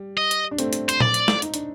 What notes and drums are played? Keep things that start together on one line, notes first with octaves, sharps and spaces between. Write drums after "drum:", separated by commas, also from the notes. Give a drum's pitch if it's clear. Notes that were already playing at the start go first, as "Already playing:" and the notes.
Already playing: G3
D#5
drum: hi-hat
D4
A3 C4, drum: hi-hat
drum: hi-hat
C5, drum: hi-hat
D5, drum: tom A#2
drum: hi-hat
drum: snare
D#4, drum: hi-hat
D4, drum: hi-hat